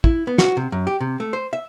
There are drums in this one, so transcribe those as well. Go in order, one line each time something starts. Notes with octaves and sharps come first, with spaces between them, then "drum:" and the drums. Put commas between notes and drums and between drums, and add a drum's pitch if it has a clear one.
E4, drum: kick
B3
F#4, drum: snare
C3
F#2
G4
C3
A3
C5
E5